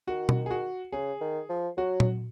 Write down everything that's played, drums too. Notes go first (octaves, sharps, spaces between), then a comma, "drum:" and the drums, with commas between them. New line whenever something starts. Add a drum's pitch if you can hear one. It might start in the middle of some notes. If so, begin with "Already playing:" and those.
D#3 F#4
drum: tom B2
G#4
F#4
C#3 G#4
D#3
F3
F#3 F#4
drum: tom A#2